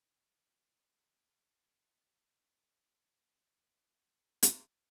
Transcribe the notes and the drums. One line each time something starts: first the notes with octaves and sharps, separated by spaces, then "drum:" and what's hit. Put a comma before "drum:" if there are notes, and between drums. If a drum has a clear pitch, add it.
D#6 F6 C#7
B3 C#4 F4 A#4 A#5
G3
E3 G3 A3 B3 F4
C3
drum: hi-hat